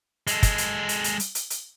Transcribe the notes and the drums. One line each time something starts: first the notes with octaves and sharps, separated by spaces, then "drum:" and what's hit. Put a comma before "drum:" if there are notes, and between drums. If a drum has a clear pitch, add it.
G#3 A4, drum: hi-hat
drum: kick, hi-hat
drum: hi-hat
drum: hi-hat
drum: hi-hat
drum: hi-hat
drum: hi-hat
drum: hi-hat